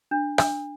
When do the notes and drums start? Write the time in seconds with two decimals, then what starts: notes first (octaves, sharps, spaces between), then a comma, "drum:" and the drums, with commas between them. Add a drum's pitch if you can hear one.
0.11 D4
0.38 D4, drum: rim click